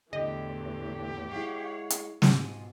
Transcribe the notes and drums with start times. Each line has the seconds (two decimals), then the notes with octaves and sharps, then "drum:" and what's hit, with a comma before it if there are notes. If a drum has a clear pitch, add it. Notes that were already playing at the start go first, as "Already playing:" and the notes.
0.13 E2 A2 D3 E3 G4 D#5
1.31 G#3 E4 C#5 F5 F#5
1.90 drum: hi-hat
2.22 G#2 B2 F3 G#5, drum: snare